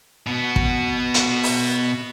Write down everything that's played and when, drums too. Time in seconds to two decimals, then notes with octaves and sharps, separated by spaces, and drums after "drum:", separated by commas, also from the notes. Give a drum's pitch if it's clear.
0.27 B2 B3
0.56 drum: kick
1.14 drum: hi-hat
1.43 drum: open hi-hat